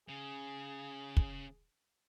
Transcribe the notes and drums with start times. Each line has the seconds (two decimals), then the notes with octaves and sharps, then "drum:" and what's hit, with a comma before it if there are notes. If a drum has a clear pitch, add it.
0.08 C#3 G#4
1.17 drum: kick